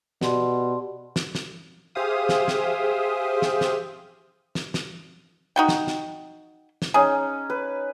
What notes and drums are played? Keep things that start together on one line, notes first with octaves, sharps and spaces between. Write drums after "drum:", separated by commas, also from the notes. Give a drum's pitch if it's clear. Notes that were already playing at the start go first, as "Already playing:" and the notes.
B2 G4 D5 C6, drum: snare
drum: snare
drum: snare
G4 G#4 C5 E5 F5 D#6
drum: snare
drum: snare
drum: snare
drum: snare
drum: snare
drum: snare
D#4 F#4 G5
drum: snare
drum: snare
drum: snare
C#4 D#4 G#4
B4